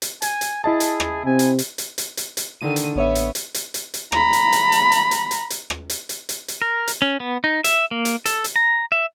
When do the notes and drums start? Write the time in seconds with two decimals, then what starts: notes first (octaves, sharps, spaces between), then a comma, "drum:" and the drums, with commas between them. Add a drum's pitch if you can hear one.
0.02 drum: hi-hat
0.22 G#5, drum: hi-hat
0.41 drum: hi-hat
0.64 E4 G#4 D#5 A5
0.80 drum: hi-hat
1.00 drum: rim click
1.25 C3 C4 G#5
1.39 drum: hi-hat
1.59 drum: hi-hat
1.78 drum: hi-hat
1.98 drum: hi-hat
2.17 drum: hi-hat
2.37 drum: hi-hat
2.61 D3 D#3 D#7
2.76 drum: hi-hat
2.96 A1 B3 C#5 E5
3.15 drum: hi-hat
3.35 drum: hi-hat
3.54 drum: hi-hat
3.74 drum: hi-hat
3.94 drum: hi-hat
4.12 A#5 B5, drum: rim click
4.33 drum: hi-hat
4.52 drum: hi-hat
4.72 drum: hi-hat
4.92 drum: hi-hat
5.11 drum: hi-hat
5.31 drum: hi-hat
5.50 drum: hi-hat
5.70 drum: rim click
5.90 drum: hi-hat
6.09 drum: hi-hat
6.29 drum: hi-hat
6.48 drum: hi-hat
6.62 A#4
6.87 drum: hi-hat
7.02 C#4
7.20 B3
7.44 D#4
7.64 E5, drum: hi-hat
7.91 A#3
8.05 drum: hi-hat
8.26 A4, drum: hi-hat
8.44 drum: hi-hat
8.56 A#5
8.92 E5